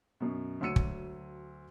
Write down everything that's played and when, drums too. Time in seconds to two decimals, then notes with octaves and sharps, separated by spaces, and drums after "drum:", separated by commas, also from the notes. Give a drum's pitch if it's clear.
0.20 F#2 B2
0.61 D2 F#3 E6 C#7 D#7
0.76 drum: kick